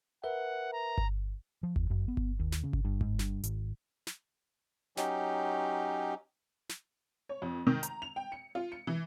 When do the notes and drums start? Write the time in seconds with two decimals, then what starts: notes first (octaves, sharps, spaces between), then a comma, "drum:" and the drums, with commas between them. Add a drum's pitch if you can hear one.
0.24 A#4 B4 E5 F#5
0.73 A#5
0.98 drum: kick G1
1.63 F3
1.76 E2, drum: kick G1
1.90 F#2
2.08 B3
2.17 drum: kick G1
2.39 D#2
2.52 drum: snare
2.63 C#3
2.73 drum: kick G1
2.85 G2
3.01 G#2, drum: kick G1
3.19 G2, drum: snare
3.43 G#1, drum: hi-hat
4.07 drum: snare
4.97 F#3 C#4 D#4 G4, drum: snare
6.69 drum: snare
7.29 C#5
7.42 F2
7.67 D#3
7.83 A#5, drum: hi-hat
8.02 F7
8.16 G5
8.32 C#7
8.55 F4
8.72 C#7
8.87 E3